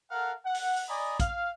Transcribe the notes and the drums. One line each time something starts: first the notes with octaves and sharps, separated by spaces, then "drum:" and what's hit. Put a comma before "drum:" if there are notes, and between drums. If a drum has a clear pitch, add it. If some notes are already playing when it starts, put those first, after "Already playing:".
A4 A#4 F5 F#5
F#5
drum: open hi-hat
drum: open hi-hat
D5 D#5 G#5 A#5 B5
F5, drum: kick, hi-hat